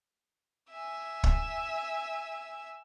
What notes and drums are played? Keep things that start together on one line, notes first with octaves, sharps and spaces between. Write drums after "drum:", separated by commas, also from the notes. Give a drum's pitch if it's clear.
E5 G#5
drum: kick